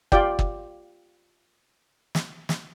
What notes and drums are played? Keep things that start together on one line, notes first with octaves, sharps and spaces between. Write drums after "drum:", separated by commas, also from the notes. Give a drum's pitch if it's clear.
F4 G4 D5 G5, drum: kick
drum: kick
drum: snare
drum: snare